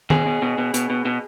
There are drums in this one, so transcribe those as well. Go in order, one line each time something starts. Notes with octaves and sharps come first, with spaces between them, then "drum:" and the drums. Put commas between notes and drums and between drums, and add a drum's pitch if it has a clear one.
B2 G#4, drum: tom D#3
B2
B2
B2
B2, drum: hi-hat
B2
B2